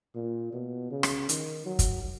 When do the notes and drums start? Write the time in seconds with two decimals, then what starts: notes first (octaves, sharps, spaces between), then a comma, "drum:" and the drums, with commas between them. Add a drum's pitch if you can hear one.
0.15 A#2
0.53 B2
0.91 C#3
1.03 drum: rim click
1.29 D#3, drum: hi-hat
1.66 F#3
1.79 drum: kick, hi-hat